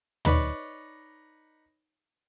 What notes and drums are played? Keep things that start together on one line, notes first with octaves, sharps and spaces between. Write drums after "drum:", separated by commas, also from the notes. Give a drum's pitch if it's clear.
D#4 B4 C#5 D5, drum: tom